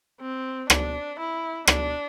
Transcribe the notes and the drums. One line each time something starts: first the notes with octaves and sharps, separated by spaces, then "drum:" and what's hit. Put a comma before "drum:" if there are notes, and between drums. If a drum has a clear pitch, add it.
C4
D4, drum: rim click
E4
D4, drum: rim click